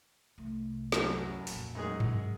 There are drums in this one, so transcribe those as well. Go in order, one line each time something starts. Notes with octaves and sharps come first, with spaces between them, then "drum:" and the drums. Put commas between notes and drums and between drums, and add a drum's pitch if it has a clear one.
C2 A3
A1 F#2 F#3, drum: snare
F2 A#2, drum: open hi-hat
F#2 G#3 G#4
D3, drum: tom G2